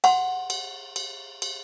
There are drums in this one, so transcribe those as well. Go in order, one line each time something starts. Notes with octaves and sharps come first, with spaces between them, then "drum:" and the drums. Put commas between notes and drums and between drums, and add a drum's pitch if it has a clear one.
F#5 C6, drum: cymbal
drum: cymbal
drum: cymbal
drum: cymbal